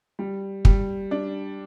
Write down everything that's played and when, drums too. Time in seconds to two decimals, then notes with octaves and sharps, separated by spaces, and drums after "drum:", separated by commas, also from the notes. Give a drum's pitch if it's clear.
0.19 G3
0.65 G3, drum: kick
1.11 D4